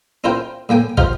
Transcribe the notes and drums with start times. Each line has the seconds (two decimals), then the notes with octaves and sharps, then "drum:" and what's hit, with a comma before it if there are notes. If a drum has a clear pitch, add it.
0.24 C#4 E4 F4 A#4 C5 G5
0.69 A2 A#3 G5 G#5
0.97 D#4 F4 G4 C5 F5 F#5, drum: kick